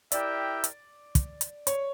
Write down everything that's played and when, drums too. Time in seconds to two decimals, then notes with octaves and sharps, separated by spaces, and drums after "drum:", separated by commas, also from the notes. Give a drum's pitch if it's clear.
0.12 E4 G4 A#4 D5 E5 G5, drum: hi-hat
0.64 drum: hi-hat
1.15 drum: kick, hi-hat
1.41 drum: hi-hat
1.67 C#5, drum: hi-hat